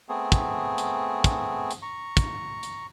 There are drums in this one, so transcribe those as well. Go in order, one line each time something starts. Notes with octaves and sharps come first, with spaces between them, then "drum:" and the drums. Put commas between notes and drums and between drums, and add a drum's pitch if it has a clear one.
A3 B3 C4 G#4
drum: kick, hi-hat
drum: hi-hat
drum: kick, hi-hat
drum: hi-hat
A#5 C#6
drum: kick, hi-hat
drum: hi-hat